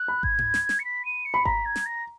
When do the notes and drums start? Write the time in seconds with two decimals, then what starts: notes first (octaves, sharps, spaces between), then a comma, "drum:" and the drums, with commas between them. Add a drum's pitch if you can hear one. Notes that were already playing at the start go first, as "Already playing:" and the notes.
Already playing: F#6
0.08 B5
0.23 G#6, drum: kick G#1
0.39 drum: tom G#2
0.54 drum: snare
0.69 drum: snare
0.79 C#7
0.85 B6
1.05 D#7
1.25 C#7
1.34 B5
1.45 A#5 B6, drum: kick G#1
1.65 G#6
1.76 drum: snare
1.85 A#6